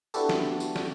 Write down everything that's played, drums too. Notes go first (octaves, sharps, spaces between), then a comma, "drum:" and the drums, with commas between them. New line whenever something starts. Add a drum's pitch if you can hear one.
B3 D4 E4 F#4 G4 A4, drum: tambourine
drum: snare
drum: tambourine
drum: snare